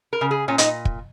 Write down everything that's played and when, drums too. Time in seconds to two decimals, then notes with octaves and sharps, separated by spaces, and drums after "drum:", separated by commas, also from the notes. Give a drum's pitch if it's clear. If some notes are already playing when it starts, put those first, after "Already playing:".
0.13 A#4
0.21 C#3
0.31 G#4
0.48 A#2 C#4
0.58 D#4, drum: hi-hat
0.85 drum: kick